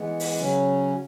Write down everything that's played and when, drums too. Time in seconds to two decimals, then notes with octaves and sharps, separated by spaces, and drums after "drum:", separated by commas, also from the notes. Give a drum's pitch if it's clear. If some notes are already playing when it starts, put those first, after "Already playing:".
Already playing: E3 G#3 B3
0.20 drum: open hi-hat
0.39 C#3 F#3 C#4